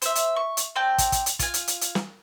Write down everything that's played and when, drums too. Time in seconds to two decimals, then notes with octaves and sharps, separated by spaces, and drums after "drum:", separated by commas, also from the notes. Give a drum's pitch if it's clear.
0.02 C5 E5, drum: hi-hat
0.15 drum: hi-hat
0.36 C#6
0.57 drum: hi-hat
0.76 C4 D5 G5 A5
0.98 drum: kick, hi-hat
1.12 drum: kick, hi-hat
1.26 drum: hi-hat
1.39 F4 G#5, drum: kick, hi-hat
1.54 drum: hi-hat
1.67 drum: hi-hat
1.81 drum: hi-hat
1.95 drum: snare